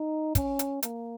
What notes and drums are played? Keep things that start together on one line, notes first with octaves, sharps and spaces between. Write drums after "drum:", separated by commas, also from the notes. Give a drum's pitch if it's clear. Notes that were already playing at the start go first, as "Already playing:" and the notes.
Already playing: D#4
C#4, drum: kick, hi-hat
drum: hi-hat
A#3, drum: hi-hat